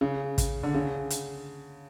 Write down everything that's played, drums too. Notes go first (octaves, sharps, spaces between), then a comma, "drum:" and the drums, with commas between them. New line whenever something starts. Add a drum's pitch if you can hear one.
C#3
drum: kick, hi-hat
D3
C#3
drum: hi-hat